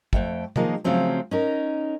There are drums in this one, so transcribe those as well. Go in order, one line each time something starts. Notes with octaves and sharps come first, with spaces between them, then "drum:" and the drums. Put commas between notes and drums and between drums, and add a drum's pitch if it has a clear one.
F2 G#3 A3 G5, drum: kick
D#3 F3 G#3 A#3, drum: tom
C#3 F3 F#3 A3 C4 C#4
C#4 D#4 A#4